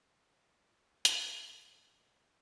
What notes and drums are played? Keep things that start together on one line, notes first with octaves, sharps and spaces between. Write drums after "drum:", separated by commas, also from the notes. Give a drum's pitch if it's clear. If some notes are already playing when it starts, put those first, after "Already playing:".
drum: hi-hat
B2 E3 F4 A4